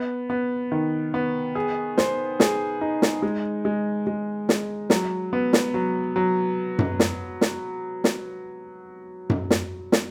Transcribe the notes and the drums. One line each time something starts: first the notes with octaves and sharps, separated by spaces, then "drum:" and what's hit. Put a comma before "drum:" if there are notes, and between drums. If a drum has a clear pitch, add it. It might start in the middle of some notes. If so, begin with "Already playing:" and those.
Already playing: B3
B3
D#3
B3
G#4
C5, drum: snare
G#4, drum: snare
D#4
drum: snare
G#3
G#3
G#3
G#3, drum: snare
F#3, drum: snare
B3
drum: snare
F#3
F#3
drum: tom F#2
drum: snare
drum: snare
drum: snare
drum: tom F#2
drum: snare
drum: snare